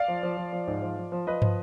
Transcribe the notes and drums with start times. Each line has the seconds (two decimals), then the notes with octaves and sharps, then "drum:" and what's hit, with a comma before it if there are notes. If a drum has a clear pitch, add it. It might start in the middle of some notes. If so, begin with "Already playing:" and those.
Already playing: D5 F5
0.08 F3
0.23 F3
0.37 F3
0.53 F3
0.67 G#2
0.82 F3
0.97 F3
1.12 F3
1.27 F3 B4 D#5
1.42 F3, drum: tom